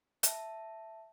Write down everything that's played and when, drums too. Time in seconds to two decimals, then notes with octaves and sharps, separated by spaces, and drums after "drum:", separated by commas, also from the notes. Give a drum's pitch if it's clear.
0.23 E5 A5, drum: hi-hat